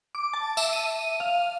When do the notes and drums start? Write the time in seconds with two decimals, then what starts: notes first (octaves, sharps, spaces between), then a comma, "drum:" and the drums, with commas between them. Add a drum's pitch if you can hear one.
0.15 D6
0.33 A5
0.57 E5, drum: tambourine
0.73 D#7
1.20 F5